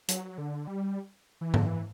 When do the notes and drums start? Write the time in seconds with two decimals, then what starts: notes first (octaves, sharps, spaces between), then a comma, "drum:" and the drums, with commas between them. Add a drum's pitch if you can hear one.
0.08 F#3, drum: hi-hat
0.38 D3
0.68 G3
1.41 E3
1.54 D3, drum: tom G#2
1.66 E3